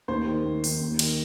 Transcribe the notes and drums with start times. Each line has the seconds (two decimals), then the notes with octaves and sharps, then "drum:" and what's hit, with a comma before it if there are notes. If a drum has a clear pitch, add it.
0.08 D#2 C5
0.27 D#3
0.44 D#2
0.64 D#3, drum: open hi-hat
0.81 D#2
0.99 D#3, drum: cymbal